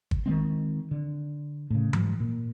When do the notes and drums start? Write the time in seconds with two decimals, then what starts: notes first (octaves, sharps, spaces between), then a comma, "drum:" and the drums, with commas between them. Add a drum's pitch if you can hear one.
0.11 drum: kick
0.26 D#3 E3 G#3 C4
0.91 D3
1.70 A2 C#3
1.93 G#2 F#3, drum: tom E3
2.20 A#2